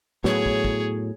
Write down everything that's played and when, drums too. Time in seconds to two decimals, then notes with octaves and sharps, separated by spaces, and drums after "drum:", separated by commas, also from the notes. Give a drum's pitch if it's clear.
0.24 A2 F#3 B3 G#4 C#5, drum: snare
0.46 drum: kick
0.64 drum: kick